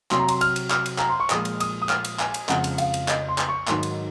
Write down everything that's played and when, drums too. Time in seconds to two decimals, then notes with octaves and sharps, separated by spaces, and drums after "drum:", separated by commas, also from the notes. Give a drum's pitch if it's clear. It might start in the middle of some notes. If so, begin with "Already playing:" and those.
0.11 C3 F#3 C6, drum: clap
0.19 A#5
0.28 C6, drum: cymbal
0.41 F6, drum: cymbal
0.56 drum: cymbal
0.70 F6, drum: clap
0.86 drum: cymbal
0.98 A#5, drum: clap
1.09 C6
1.20 C#6
1.30 A#2 F3 G#3 D#6, drum: clap
1.45 drum: cymbal
1.60 D#6, drum: cymbal
1.82 D#6
1.89 F6, drum: clap
2.05 drum: cymbal
2.19 G#5, drum: clap
2.34 drum: cymbal
2.49 F2 C#3 F3 G#3 F#5, drum: clap
2.64 drum: cymbal
2.78 F5, drum: cymbal
2.94 drum: cymbal
3.08 D#5, drum: clap
3.28 C6
3.38 drum: clap
3.49 C#6
3.68 G#2 D#3 F#3 C6, drum: clap
3.83 drum: cymbal